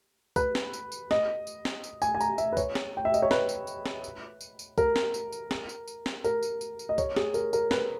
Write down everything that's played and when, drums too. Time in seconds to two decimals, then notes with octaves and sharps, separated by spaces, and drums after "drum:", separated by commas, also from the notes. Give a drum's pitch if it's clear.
0.36 B4, drum: kick, tambourine
0.55 drum: snare
0.73 drum: tambourine
0.92 drum: tambourine
1.11 D#5, drum: snare
1.47 drum: tambourine
1.65 drum: snare
1.84 drum: tambourine
2.02 G#5, drum: tambourine
2.15 G#5
2.20 A#5, drum: tambourine
2.38 E5, drum: tambourine
2.53 B4
2.57 C#5, drum: kick, tambourine
2.75 drum: snare
2.97 G5
3.05 E5
3.14 D#5, drum: tambourine
3.22 C#5
3.31 B4, drum: snare
3.49 drum: tambourine
3.67 drum: tambourine
3.86 drum: snare
4.04 drum: tambourine
4.41 drum: tambourine
4.59 drum: tambourine
4.78 A#4, drum: kick, tambourine
4.96 drum: snare
5.14 drum: tambourine
5.32 drum: tambourine
5.51 drum: snare
5.69 drum: tambourine
5.88 drum: tambourine
6.06 drum: snare
6.24 A#4, drum: tambourine
6.43 drum: tambourine
6.61 drum: tambourine
6.79 drum: tambourine
6.89 D#5
6.98 C#5, drum: kick, tambourine
7.16 G#4, drum: snare
7.34 A#4, drum: tambourine
7.53 A#4, drum: tambourine
7.71 B4, drum: snare